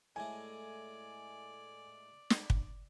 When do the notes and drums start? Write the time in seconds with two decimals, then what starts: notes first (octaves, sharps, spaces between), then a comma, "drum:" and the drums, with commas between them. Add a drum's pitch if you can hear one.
0.16 A2 G#3 A3 D5 G#5
2.30 drum: snare
2.50 drum: kick